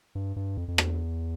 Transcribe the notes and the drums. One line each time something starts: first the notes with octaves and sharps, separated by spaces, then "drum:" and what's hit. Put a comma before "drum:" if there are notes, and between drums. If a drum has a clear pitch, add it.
G2
G2
F2
F2
E2, drum: rim click